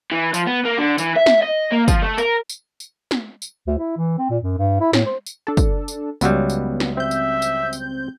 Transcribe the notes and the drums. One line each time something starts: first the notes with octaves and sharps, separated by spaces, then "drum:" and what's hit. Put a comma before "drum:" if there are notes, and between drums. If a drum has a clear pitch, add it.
E3
F3, drum: tambourine
B3
A#3
D3
E3, drum: tambourine
E5
drum: snare
D#5
A#3
F3, drum: kick, tambourine
A3
A#4, drum: tambourine
drum: tambourine
drum: tambourine
drum: snare
drum: tambourine
D2
E4
E3
C4
A#2
F#2
G2
E4
A2, drum: snare
C5
drum: tambourine
D4 A4
drum: kick, tambourine
drum: tambourine
C#2 F#3 G3 B3, drum: tambourine
drum: tambourine
drum: snare
C4 E5 G6
drum: tambourine
drum: tambourine
drum: tambourine